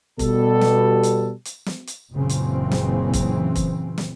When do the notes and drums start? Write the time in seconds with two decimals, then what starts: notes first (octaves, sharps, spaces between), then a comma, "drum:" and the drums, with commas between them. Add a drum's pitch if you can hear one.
0.19 B2 G3 A4, drum: kick F1, hi-hat
0.61 drum: snare
1.03 drum: hi-hat
1.45 drum: hi-hat
1.66 drum: snare
1.87 drum: hi-hat
2.13 F#1 A#2 C#3 E3 C4
2.29 drum: hi-hat
2.71 drum: snare
3.13 drum: kick F1, hi-hat
3.56 drum: kick F1, hi-hat
3.98 drum: snare